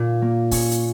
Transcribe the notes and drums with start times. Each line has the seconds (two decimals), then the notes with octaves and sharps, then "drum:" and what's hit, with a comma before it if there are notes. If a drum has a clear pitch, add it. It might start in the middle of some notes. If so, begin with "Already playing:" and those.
Already playing: A#2
0.22 A#3
0.51 C#4, drum: kick, open hi-hat
0.71 drum: hi-hat